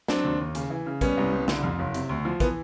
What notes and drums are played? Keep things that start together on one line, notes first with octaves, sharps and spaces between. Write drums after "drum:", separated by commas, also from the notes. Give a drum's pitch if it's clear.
F#3 C4 D4, drum: snare
D#2
D#2
C#3, drum: hi-hat
E3
C#3
G3 B3 C#4, drum: kick, hi-hat
C2
C2
D3, drum: snare
F2
F#1
C3, drum: hi-hat
D2
F3
E3 B3, drum: kick, hi-hat